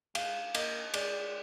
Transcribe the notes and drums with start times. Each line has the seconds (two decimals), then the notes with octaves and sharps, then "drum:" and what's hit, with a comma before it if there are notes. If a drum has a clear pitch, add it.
0.15 G#3 F5, drum: cymbal
0.55 A#3 D#5, drum: cymbal
0.94 G#3 D5, drum: cymbal